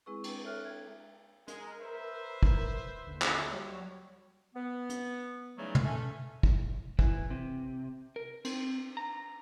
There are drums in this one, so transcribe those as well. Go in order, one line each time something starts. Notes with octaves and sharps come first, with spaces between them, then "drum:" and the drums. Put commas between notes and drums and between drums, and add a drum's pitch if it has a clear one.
G#3 C4 E4 G#4 B4 C#6
D4, drum: cymbal
A4 C#5 E5 F6 F#6
E5 G#6
G#3 A#4, drum: hi-hat
B4 C5 E5
drum: kick
D#2 D3
drum: clap
F#3 G3 C#5
B3
drum: hi-hat
C#3 E3 F#3 G3 A3 D#4
drum: tom
A3 C#4
drum: kick
E3, drum: kick
C3
A#4
C4, drum: cymbal
A#5